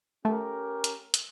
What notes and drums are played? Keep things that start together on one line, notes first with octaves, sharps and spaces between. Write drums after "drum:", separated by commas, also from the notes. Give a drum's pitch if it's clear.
A3 C#4 G4 A#4
drum: hi-hat
drum: hi-hat